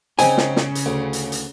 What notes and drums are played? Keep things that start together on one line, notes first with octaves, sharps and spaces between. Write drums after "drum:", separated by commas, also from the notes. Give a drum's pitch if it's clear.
C#3 C4 D#4 C5 G#5, drum: hi-hat
drum: snare
drum: snare
drum: hi-hat
D2
drum: hi-hat
drum: hi-hat